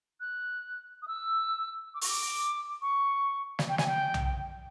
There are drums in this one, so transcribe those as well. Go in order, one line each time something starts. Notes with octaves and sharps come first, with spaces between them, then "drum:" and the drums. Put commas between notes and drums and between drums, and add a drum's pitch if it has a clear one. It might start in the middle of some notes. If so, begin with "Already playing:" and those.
F#6
D#6
E6
D6
C#6, drum: open hi-hat
D6
C#6
drum: snare
G5
G#5, drum: snare
G5
drum: tom B1